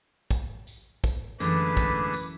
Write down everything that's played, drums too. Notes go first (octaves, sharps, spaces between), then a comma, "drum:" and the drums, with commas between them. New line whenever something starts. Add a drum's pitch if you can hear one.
drum: kick, tambourine
drum: tambourine
drum: kick, tambourine
F#2 D3 E3 G#3 A3 B4 D6, drum: tambourine
drum: kick, tambourine
drum: tambourine